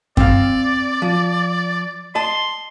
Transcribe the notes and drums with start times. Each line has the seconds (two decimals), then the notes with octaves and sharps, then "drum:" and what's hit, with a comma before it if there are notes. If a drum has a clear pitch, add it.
0.17 C4 D5 F5, drum: kick F#2
1.02 F3
2.15 D#5 A5 C6